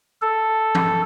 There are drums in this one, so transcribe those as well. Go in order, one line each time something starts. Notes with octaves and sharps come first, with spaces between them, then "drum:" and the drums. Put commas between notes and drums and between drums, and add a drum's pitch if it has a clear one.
A4
drum: tom F3